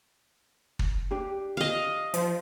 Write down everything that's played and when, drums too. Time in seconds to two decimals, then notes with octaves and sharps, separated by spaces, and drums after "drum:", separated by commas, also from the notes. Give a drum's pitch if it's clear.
0.79 drum: kick
1.11 D4 G4
1.57 D#5 F5
2.14 F3, drum: hi-hat